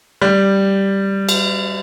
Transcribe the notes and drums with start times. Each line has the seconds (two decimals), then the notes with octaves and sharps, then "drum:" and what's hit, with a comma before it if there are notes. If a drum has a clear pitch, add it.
0.22 G3
1.29 drum: cymbal